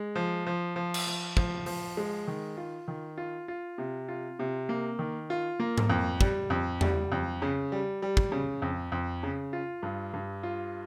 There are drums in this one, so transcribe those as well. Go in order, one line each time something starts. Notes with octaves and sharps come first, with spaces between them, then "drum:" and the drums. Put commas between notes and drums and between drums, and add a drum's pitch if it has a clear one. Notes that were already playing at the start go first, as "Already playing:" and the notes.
Already playing: G#3
F3
F3
F3
drum: cymbal
F3
F3, drum: kick
F3, drum: open hi-hat
G#3
D#3
F4
D#3
F4
F4
C3
F4
C3
A#3
D#3
F4
A#3
drum: tom G#2
F2
G3, drum: kick
F2
G3, drum: tom E2
F2
C#3
G3
G3
drum: kick
C#3
F2
F2
C#3
F4
G2
G2
F4